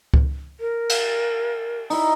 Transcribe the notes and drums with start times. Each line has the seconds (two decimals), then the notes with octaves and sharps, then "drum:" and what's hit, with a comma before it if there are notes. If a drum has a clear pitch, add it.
0.14 drum: kick C#2
0.60 A#4
0.89 drum: cymbal
1.90 D#4 E4, drum: open hi-hat